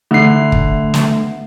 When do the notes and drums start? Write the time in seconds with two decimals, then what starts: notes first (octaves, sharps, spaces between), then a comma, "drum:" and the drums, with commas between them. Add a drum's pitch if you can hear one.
0.11 D3 A3 C7
0.52 drum: kick
0.94 drum: snare